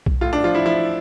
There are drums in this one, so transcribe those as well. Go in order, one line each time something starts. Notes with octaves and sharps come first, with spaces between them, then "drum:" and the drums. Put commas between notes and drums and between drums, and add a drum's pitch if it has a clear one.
drum: kick B1
A2 F4
D4
F3 F4
E4
F3 E4